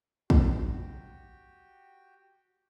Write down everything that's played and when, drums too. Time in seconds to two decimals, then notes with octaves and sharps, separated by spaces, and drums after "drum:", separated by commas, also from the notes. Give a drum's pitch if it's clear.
0.30 F#4 G4 G5, drum: kick